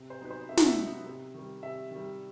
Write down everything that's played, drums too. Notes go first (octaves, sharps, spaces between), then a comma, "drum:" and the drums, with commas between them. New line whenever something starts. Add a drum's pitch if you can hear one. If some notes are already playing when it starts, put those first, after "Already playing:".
Already playing: C3
C5
F#3 B3 D#4 B4
C5
C3 E5
F#5, drum: snare
E5
F#3 B3 D#4
C3
D#3 G3
C3 E5
D#3 G3